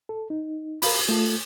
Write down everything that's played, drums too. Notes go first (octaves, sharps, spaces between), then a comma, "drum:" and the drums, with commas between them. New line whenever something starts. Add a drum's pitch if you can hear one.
A4
D#4
A#4 F5 B5, drum: open hi-hat
A3 F4 A4